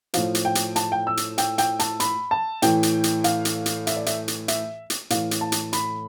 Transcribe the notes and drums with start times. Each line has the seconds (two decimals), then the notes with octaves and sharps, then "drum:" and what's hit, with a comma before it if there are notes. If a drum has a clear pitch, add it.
0.14 A2 F3 F5, drum: hi-hat
0.35 drum: hi-hat
0.45 G5
0.55 drum: hi-hat
0.76 A5, drum: hi-hat
0.92 G5
1.07 E6
1.17 drum: hi-hat
1.38 G5, drum: hi-hat
1.58 G5, drum: hi-hat
1.79 A5, drum: hi-hat
2.00 B5, drum: hi-hat
2.31 A5
2.62 A2 E3 G5, drum: hi-hat
2.83 drum: hi-hat
3.04 drum: hi-hat
3.24 F5, drum: hi-hat
3.45 drum: hi-hat
3.66 drum: hi-hat
3.87 E5, drum: hi-hat
3.96 D5
4.06 E5, drum: hi-hat
4.28 drum: hi-hat
4.48 E5, drum: hi-hat
4.90 drum: hi-hat
5.10 A2 E3 F5, drum: hi-hat
5.31 drum: hi-hat
5.41 A5
5.52 drum: hi-hat
5.73 B5, drum: hi-hat